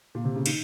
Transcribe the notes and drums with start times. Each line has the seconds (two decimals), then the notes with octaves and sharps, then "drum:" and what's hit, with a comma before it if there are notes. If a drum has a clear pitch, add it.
0.15 A#2
0.24 C3
0.35 C#3
0.46 D#3, drum: cymbal